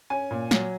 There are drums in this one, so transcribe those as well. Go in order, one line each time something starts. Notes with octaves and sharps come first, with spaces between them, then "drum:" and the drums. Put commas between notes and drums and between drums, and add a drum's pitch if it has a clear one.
C#4 G#5
A#2
F#3, drum: snare